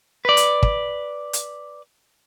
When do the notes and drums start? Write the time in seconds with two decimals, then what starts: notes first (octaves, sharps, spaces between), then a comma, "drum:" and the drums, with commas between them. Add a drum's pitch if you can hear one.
0.25 B4 D5
0.37 drum: hi-hat
0.63 drum: kick
1.33 drum: hi-hat